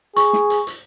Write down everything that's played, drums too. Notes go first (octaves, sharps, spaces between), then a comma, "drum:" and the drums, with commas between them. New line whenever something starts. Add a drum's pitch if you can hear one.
G#4 C#6, drum: hi-hat
drum: snare
drum: hi-hat
drum: hi-hat